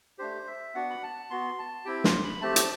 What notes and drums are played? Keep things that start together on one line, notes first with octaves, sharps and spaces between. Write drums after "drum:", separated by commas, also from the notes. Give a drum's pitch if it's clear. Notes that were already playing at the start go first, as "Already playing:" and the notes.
A3 D4 G4 C5
E5
B3 D4 F#4 F#5
B5
A5
B3 F#4 C6
A5
C4 E4 G4 G5
C6, drum: snare
B5
A3 C4 G4 A5
drum: hi-hat